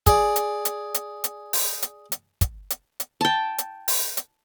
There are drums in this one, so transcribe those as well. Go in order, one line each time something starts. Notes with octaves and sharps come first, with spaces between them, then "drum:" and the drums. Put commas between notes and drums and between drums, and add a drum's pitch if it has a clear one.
G#4 D5, drum: kick, hi-hat
drum: hi-hat
drum: hi-hat
drum: hi-hat
drum: hi-hat
drum: open hi-hat
drum: hi-hat
drum: hi-hat
drum: kick, hi-hat
drum: hi-hat
drum: hi-hat
G5 A5
drum: hi-hat
drum: open hi-hat
drum: hi-hat